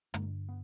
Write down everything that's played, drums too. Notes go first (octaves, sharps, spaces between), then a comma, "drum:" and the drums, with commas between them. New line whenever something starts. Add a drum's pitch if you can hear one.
G2 D3 G#3 A#3, drum: hi-hat
B3